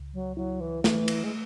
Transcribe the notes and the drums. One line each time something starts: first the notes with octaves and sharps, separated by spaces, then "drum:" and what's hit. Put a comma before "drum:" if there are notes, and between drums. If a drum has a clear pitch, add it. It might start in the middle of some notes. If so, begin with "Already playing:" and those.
Already playing: C#2
F#3
F#3 E4
E3
E3 A3, drum: snare
drum: cymbal
G#3